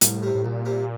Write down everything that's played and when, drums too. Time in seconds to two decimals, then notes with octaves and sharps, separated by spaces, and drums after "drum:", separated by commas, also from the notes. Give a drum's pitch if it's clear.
0.01 C2 A2, drum: hi-hat
0.23 C3 G3
0.35 A2
0.44 C2 A#2
0.65 C3 G3